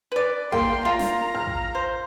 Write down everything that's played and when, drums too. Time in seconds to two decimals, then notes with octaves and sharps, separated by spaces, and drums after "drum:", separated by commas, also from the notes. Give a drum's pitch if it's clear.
0.12 B4 D5
0.52 A#3 G5 C6, drum: kick A1
0.85 F4 A#5
0.99 drum: snare
1.35 F6
1.46 drum: kick A1
1.75 C5